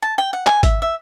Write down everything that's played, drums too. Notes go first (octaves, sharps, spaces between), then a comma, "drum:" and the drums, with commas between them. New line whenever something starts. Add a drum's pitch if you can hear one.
A5
G5
F#5
G#5, drum: clap
E5, drum: kick G#1, hi-hat
E5